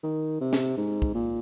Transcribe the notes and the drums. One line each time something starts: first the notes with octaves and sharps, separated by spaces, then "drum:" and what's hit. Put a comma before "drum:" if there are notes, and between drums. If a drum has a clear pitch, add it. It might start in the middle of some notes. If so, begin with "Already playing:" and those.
D#3
C3
drum: snare
G#2
drum: kick
A#2